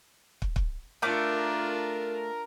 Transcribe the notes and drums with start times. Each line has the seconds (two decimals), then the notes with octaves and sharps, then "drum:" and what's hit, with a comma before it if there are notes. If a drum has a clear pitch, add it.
0.42 drum: kick
0.56 drum: kick
1.02 A3 D4 F4 A#4 D6